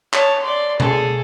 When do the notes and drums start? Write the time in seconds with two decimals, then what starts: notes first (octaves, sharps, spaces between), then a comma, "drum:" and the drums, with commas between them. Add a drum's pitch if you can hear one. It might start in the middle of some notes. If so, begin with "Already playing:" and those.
0.13 C#5 A5, drum: clap
0.42 D5 C6
0.80 G#4 A4, drum: tom B2